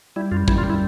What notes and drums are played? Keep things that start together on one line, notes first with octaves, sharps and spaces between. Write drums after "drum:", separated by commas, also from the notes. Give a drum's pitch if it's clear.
G3 E4
F#2 F4
F#2 E4, drum: kick
F4
G3
E4